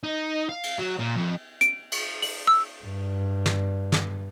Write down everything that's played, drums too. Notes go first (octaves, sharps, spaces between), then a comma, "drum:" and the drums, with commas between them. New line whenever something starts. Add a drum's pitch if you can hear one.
D#4
F5
drum: cymbal
F#3
A#2
F2
D7, drum: hi-hat
drum: cymbal
F#7, drum: open hi-hat
E6
G2
drum: snare
drum: snare